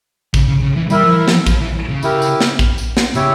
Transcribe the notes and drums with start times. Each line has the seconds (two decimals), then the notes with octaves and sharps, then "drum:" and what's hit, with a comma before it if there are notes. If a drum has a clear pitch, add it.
0.34 C#3, drum: kick, tambourine
0.48 C#3
0.62 C#3
0.76 E3
0.90 G3 E4 A#4 E5, drum: tambourine
1.03 F3
1.16 E3
1.28 F3, drum: snare
1.47 F3, drum: kick, tambourine
1.61 E3
1.89 C#3
2.03 E4 G4 A#4, drum: tambourine
2.22 drum: tambourine
2.40 drum: snare
2.59 drum: kick, tambourine
2.78 drum: tambourine
2.97 drum: snare
3.15 C#3 E4 G4 C#5 E5, drum: tambourine